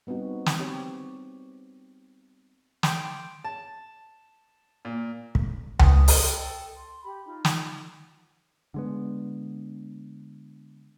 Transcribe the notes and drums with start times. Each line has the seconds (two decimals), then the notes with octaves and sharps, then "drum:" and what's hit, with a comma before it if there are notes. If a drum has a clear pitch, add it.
0.07 G3 B3 C4 D#4 F#4
0.46 drum: snare
0.58 C4 G4 C#5
2.83 G5 C6 D6, drum: snare
3.44 A5
4.85 A#2
5.35 drum: kick
5.79 B4 C6 D#6, drum: tom C#2
6.08 drum: open hi-hat
6.23 A4 G5
6.77 C6
7.03 G4 B5
7.25 D#4 F4
7.45 drum: snare
8.74 D3 G#3 B3